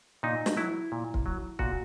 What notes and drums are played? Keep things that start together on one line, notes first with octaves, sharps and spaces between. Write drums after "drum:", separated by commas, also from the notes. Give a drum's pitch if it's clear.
A#2 D#4
drum: snare
F#3 E4
A#2
drum: kick
F#3
A#2 F#4, drum: kick